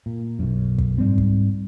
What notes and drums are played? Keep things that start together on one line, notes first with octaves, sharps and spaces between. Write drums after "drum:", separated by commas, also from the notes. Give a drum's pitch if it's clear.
A#2
B1 F#2
drum: kick
G#2 G3 C4
drum: kick